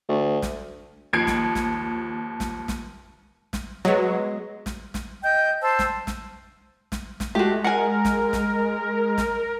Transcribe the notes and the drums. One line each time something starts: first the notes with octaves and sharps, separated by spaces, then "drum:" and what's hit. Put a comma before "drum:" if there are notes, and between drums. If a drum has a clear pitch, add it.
D2
drum: snare
D#2 F3 G#6 C7 D7
drum: snare
drum: snare
drum: snare
drum: snare
drum: snare
F#3 G#3 B3
drum: snare
drum: snare
D#5 G5 G6
C5 A5 E6
drum: snare
drum: snare
drum: snare
drum: snare
G#3 A3 F#4 G4
A#4 F#5 G#5
drum: snare
drum: snare
drum: snare